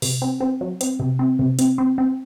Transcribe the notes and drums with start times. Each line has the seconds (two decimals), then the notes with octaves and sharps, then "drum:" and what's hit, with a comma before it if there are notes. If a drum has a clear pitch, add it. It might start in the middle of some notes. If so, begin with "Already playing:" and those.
0.02 C3, drum: open hi-hat
0.22 C4
0.41 C4
0.61 F#3
0.81 C4, drum: hi-hat
1.00 C3
1.19 C4
1.39 C3
1.59 C4, drum: hi-hat
1.78 C4
1.98 C4